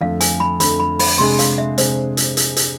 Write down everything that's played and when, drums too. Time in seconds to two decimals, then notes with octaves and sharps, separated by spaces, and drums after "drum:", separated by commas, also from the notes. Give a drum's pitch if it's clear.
0.01 F2 D3 A3 F5
0.21 G#5, drum: hi-hat
0.40 B5
0.60 F2 D3 A3 B5, drum: hi-hat
0.80 B5
0.99 B5, drum: open hi-hat
1.18 C3 G#3 D4 G#4 C6
1.39 F5, drum: hi-hat
1.58 E5
1.78 C3 G#3 D4 G#4 C5, drum: hi-hat
2.17 drum: hi-hat
2.37 drum: hi-hat
2.56 drum: hi-hat